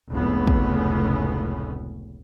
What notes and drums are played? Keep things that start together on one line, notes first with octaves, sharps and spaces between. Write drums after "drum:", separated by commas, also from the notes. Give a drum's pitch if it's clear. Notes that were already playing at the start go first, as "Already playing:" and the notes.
F1 C#2 A2 C#3 B3 C#4
drum: kick